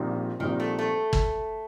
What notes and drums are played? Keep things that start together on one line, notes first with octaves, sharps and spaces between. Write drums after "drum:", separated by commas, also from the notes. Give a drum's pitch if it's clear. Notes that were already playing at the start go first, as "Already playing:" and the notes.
Already playing: A#1 A#2 G3 C4 D#4
A#1 A#2 D#3 G3 C4 D#4
A3
A3
drum: kick